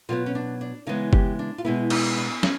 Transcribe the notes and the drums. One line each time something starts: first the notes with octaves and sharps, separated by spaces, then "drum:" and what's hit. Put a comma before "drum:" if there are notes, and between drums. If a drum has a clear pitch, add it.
B2 F#3 B3 F4
C#4
D4
D4
C#3 E3 G#3 B3 D#4
G4, drum: kick F#1
D4
F4
B2 G#3 B3 E4
D#4, drum: cymbal
D4
C#4, drum: snare